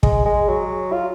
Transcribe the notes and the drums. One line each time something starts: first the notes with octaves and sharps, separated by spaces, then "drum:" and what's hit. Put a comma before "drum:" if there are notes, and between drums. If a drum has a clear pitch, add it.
G#3, drum: kick
G#3
F#3
F4